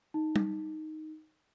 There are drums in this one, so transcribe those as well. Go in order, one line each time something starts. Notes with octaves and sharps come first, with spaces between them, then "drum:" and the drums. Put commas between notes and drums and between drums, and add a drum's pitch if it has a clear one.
D#4
drum: tom